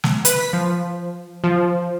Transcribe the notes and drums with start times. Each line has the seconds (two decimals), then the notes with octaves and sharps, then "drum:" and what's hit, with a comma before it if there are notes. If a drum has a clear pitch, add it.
0.04 drum: snare
0.25 B4, drum: hi-hat
0.40 B6
0.53 F3
1.44 F3